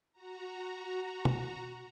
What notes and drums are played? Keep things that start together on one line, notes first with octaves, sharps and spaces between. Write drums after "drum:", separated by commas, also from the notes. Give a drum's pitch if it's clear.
F#4 A#5
drum: tom